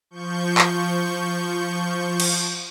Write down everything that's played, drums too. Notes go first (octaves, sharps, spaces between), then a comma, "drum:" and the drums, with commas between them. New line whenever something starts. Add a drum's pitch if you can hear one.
F3 C#6 G6
drum: clap
drum: cymbal